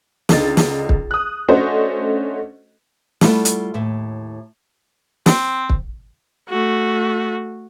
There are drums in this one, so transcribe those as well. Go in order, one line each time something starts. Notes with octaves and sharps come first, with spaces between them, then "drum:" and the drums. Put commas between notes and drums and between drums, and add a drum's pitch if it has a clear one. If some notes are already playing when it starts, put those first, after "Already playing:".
C#2 D3 D#4 A6, drum: snare
drum: snare
drum: kick
D#6 F#6
A3 C#4 D4 F#4 C5 D#5
G3 A3 E4 F4 A4 F#5, drum: snare
drum: hi-hat
D#2 A2 E5
C4, drum: snare
drum: kick
A3 F#4